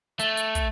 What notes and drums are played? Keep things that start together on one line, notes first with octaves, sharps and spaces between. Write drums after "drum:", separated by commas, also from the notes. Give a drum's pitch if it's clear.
A3, drum: hi-hat
drum: hi-hat
drum: kick, hi-hat